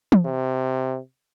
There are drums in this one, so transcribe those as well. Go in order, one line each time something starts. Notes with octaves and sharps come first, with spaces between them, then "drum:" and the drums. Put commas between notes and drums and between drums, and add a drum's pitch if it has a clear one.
drum: tom E3
C3